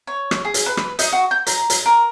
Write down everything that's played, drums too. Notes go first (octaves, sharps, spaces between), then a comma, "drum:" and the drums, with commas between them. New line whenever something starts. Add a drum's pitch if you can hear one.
C#5
drum: rim click
G#4
drum: hi-hat
B4
drum: rim click
D#4, drum: hi-hat
F#4
G6
A#5, drum: hi-hat
drum: hi-hat
A#4